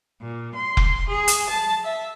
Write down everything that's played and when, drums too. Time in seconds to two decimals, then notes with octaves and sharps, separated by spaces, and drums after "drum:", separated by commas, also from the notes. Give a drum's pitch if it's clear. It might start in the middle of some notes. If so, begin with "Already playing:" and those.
0.21 A#2
0.55 C6
0.77 drum: kick F1
1.08 G#4
1.28 drum: hi-hat
1.49 A5
1.83 E5